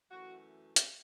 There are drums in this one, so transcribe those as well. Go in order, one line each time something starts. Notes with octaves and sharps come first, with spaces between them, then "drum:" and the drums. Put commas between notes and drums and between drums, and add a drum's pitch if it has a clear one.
F#2 E3 A3 F#4
drum: hi-hat